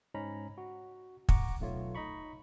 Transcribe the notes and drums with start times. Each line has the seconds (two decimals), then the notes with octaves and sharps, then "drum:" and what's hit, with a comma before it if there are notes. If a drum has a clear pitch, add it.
0.14 G#2 C#4 D#4 A#5 B5
0.58 F#4
1.29 F#5 A#5 C#6 D6, drum: kick
1.61 B1 A3 F4 C#5
1.95 D#4 D#5 A#5 B5 C#6